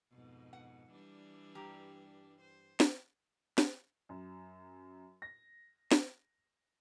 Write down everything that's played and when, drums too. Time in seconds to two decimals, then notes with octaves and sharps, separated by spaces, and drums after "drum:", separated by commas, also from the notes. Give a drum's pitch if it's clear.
0.11 F2 G#2 B2
0.53 F#5
0.91 E3 G3 D4
1.55 G2 G4 A#5
2.41 C5
2.80 drum: snare
3.58 drum: snare
4.09 F#2
5.22 A#6
5.92 drum: snare